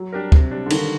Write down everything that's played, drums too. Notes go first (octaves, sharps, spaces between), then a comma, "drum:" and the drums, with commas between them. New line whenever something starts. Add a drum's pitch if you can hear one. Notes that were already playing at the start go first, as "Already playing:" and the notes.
Already playing: F#3
G3 D4 G4 A#4
C3, drum: kick
G3 D4
D3
D#3 G3, drum: cymbal